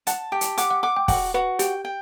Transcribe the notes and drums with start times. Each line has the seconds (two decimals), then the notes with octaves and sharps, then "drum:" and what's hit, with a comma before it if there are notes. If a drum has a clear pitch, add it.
0.07 F#5 A5, drum: hi-hat
0.32 G4 G5
0.41 drum: hi-hat
0.58 F#5 D6, drum: hi-hat
0.70 F#5
0.83 F#5 D6
0.96 G5
1.08 F#4 G5, drum: kick, open hi-hat
1.34 F#4 B4
1.59 G4 G5, drum: hi-hat
1.85 G5